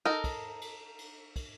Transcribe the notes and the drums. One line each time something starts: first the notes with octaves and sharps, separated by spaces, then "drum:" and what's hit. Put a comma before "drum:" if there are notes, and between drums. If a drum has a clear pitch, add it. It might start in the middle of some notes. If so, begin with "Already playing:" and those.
D#4 A4 A#4
drum: kick, cymbal
drum: cymbal
drum: cymbal
drum: kick, cymbal